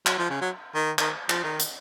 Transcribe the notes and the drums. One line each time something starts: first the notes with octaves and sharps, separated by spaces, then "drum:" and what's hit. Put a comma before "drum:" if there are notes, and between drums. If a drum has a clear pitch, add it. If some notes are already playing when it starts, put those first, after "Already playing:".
F#3, drum: clap
F3
C#3
F#3
D#3
D#3, drum: clap
F3, drum: clap
D#3
drum: hi-hat